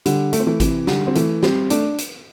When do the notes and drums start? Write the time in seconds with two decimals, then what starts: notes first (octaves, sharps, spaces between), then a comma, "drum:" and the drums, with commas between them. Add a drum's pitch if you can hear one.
0.06 D3 G3, drum: hi-hat
0.33 A3, drum: hi-hat
0.40 C4
0.47 E3 A3
0.60 C3 E3, drum: kick G#1, hi-hat
0.87 D3 G3, drum: snare
1.07 C4
1.15 E3 A3, drum: hi-hat
1.43 G3 C4, drum: snare
1.70 A3 D4, drum: hi-hat
1.98 drum: hi-hat